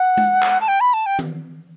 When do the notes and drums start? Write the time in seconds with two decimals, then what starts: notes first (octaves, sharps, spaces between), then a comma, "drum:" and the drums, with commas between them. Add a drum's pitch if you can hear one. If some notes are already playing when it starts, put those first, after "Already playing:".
Already playing: F#5
0.17 drum: tom G#3
0.43 drum: clap
0.61 A5
0.68 G5
0.81 B5
0.93 A5
1.06 G5
1.19 drum: tom D#3